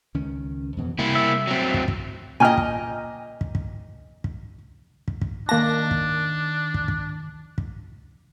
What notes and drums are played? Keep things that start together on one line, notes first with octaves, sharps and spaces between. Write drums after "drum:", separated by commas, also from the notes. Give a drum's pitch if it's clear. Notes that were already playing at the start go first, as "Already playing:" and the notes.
C#2 D#3 C#4
F2 B2 E3
C3 G3 A#3 E4
E5
F#3 C4
drum: kick
drum: kick
A#2 D#5 G5 G#5 F6
drum: kick
drum: kick
drum: kick
drum: kick
drum: kick
drum: kick
D#3 A#3 D4 A5 A#6
drum: kick
drum: kick
drum: kick
drum: kick